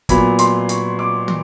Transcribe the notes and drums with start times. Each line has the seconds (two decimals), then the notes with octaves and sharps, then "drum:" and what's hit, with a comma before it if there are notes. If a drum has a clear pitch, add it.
0.09 A#2 F#3 B3 B5, drum: kick, hi-hat
0.39 C6, drum: hi-hat
0.69 C#6, drum: hi-hat
0.99 D6
1.28 drum: tom